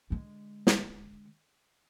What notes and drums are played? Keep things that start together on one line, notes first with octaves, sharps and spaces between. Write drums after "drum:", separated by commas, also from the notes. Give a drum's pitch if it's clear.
D3 G#3
drum: snare